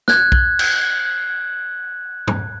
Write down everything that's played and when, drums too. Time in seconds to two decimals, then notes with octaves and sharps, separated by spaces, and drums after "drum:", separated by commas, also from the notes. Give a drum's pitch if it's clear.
0.08 F#6 G#6, drum: snare
0.32 drum: kick B1
0.59 drum: cymbal
2.28 drum: tom G2